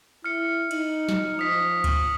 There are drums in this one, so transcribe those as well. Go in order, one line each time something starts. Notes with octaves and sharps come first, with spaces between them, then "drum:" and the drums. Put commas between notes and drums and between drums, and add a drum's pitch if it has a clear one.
E4 F6 C#7
D#4, drum: cymbal
drum: snare
F3 D#6 B6
drum: kick D2, cymbal